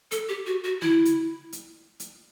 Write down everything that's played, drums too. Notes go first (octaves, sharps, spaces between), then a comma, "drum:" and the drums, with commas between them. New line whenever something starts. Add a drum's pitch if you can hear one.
A4, drum: hi-hat
G4
F#4
F#4
E4, drum: tom
drum: hi-hat
drum: hi-hat
drum: hi-hat